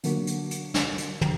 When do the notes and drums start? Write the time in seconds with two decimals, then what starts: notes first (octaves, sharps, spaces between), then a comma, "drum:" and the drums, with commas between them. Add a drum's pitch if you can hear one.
0.03 D3 F#3 A#3 F#4, drum: hi-hat
0.27 drum: hi-hat
0.51 drum: hi-hat
0.74 drum: snare
0.98 drum: hi-hat
1.21 drum: tom